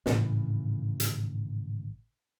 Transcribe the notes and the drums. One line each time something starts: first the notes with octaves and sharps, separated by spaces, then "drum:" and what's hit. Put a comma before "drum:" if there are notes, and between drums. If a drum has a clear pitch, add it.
G#1 A2 C#3 E3, drum: snare
drum: hi-hat